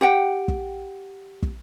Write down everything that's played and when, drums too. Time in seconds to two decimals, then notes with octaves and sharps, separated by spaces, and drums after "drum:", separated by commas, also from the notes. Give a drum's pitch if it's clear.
0.01 G4 F#5 G5
0.48 drum: kick
1.43 drum: kick